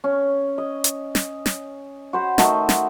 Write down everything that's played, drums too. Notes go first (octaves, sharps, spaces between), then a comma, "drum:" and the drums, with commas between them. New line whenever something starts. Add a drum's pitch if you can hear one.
C#4
D#5
drum: hi-hat
drum: snare
drum: snare
F#4 C5 B5
D#3 A3 F#4 D#5, drum: snare
drum: snare